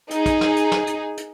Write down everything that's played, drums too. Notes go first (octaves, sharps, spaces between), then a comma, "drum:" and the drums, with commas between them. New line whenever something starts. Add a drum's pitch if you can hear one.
D#4 G#4, drum: hi-hat
drum: kick, hi-hat
drum: snare
drum: hi-hat
drum: snare
drum: hi-hat
drum: hi-hat